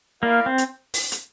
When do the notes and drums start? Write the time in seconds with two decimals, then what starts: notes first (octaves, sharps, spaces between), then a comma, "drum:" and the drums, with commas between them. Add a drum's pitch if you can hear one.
0.23 A#3 E4 A#4 D5 F5
0.46 C4
0.58 drum: hi-hat
0.94 drum: open hi-hat
1.12 drum: hi-hat